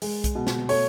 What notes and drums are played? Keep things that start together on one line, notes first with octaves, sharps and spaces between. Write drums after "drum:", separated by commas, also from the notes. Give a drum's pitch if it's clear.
G#3, drum: open hi-hat
drum: kick B1, hi-hat
B2
drum: snare
A3 C#5, drum: open hi-hat